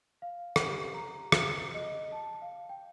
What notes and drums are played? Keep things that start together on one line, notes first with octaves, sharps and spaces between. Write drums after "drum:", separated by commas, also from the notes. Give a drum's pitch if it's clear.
F5
drum: rim click
G4
A#5
drum: rim click
D#5
A5
F5
G5